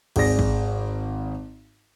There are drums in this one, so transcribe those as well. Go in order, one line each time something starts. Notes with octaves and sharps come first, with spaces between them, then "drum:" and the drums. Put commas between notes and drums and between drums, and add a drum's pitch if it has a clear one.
G#1 G#4 D5 A#6, drum: cymbal
drum: kick